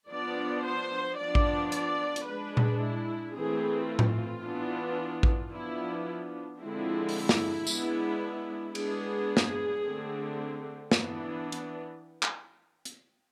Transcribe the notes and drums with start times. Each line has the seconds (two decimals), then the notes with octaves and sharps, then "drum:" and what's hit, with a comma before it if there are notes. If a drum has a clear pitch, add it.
0.10 F3 B3 D4 D5
0.64 C5
1.18 F3 B3 D4 D5
1.35 drum: kick A1
1.72 D5, drum: hi-hat
2.16 drum: hi-hat
2.27 G#3 D4 B4
2.57 drum: tom A#2
2.80 E4
3.35 E3 A3 C4 G#4
3.89 F4
3.99 drum: tom A2
4.43 E3 B3 D4
5.23 drum: kick A1
5.51 F3 B3 D4 E4
6.59 D3 F3 G#3 C4 E4
7.09 drum: open hi-hat
7.29 drum: snare
7.67 G#3 B3 D4, drum: tambourine
8.75 G#3 B3 D4 G#4, drum: cymbal
9.37 drum: snare
9.83 D3 A3 C4
10.92 E3 B3 D4, drum: snare
11.52 drum: hi-hat
12.23 drum: clap
12.85 drum: hi-hat